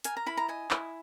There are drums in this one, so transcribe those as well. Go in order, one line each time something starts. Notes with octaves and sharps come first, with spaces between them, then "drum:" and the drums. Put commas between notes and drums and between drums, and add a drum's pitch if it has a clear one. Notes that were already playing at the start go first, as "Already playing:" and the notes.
A#4 G#5, drum: hi-hat
A#5
E4 B5
A#5
D#5 G#5
E4, drum: clap